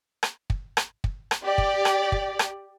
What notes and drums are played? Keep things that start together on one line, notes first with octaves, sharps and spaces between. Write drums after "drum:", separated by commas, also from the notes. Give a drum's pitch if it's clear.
drum: rim click
drum: kick
drum: rim click
drum: kick
drum: rim click
G4 D5
drum: kick
drum: rim click
drum: kick
drum: rim click